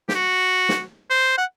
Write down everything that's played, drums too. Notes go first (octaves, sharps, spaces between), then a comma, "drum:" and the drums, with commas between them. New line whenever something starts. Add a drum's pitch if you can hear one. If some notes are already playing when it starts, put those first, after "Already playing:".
G4, drum: snare
F#4
drum: snare
C5
F#5